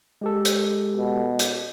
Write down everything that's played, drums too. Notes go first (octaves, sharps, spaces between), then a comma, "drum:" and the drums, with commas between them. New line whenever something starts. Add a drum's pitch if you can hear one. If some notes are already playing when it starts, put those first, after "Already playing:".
G#3 G4 A4
drum: hi-hat
B2
drum: hi-hat